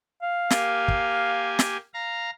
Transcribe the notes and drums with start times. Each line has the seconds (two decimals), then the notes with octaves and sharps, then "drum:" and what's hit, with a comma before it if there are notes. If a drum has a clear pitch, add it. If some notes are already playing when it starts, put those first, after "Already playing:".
0.22 F5
0.50 A#3 G4 G#5, drum: snare
0.88 drum: kick
1.59 drum: snare
1.94 F5 A#5